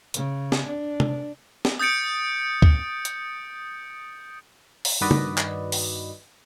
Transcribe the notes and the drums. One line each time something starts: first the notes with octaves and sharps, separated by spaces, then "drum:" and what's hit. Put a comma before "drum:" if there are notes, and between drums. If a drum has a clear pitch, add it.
C#3, drum: hi-hat
drum: snare
D4
drum: tom C3
drum: snare
D#6 G6 A6 C#7 D7
drum: kick
drum: hi-hat
drum: open hi-hat
G2 D#3 F#4 B4 D5 D#5
drum: tom
drum: clap
drum: open hi-hat